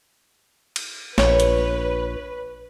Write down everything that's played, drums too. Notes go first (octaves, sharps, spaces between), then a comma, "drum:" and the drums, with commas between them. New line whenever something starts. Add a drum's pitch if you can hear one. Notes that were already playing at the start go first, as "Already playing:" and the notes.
drum: cymbal
A#1 B4 C#5, drum: snare
drum: hi-hat